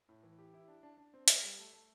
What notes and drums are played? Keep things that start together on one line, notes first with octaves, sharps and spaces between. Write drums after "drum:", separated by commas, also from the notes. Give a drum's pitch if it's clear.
A2
E3
G4
E4
D4
D4
D4
C4
A4, drum: hi-hat
G3
A3
A3